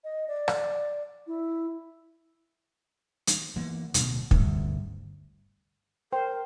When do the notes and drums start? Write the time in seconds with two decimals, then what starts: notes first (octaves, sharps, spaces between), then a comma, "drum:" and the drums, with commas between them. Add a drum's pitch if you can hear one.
0.04 D#5
0.28 D5
0.48 drum: rim click
1.27 E4
3.27 drum: hi-hat
3.56 E3 A#3 B3
3.94 D1 B2, drum: hi-hat
4.31 G1 D2 G2 C3, drum: kick
6.13 A#4 C5 G5